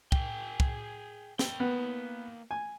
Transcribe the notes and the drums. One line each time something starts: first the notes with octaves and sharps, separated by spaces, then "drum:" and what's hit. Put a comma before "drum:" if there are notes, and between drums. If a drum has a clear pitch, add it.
G#4 G5, drum: kick
drum: kick
A#3 G5, drum: snare
B3
G#5